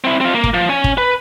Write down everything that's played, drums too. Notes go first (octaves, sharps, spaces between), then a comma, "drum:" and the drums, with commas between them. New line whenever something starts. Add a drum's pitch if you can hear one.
C4 E4
C4 F4
A#3
drum: kick
F3
C#4 G#5
drum: kick
B4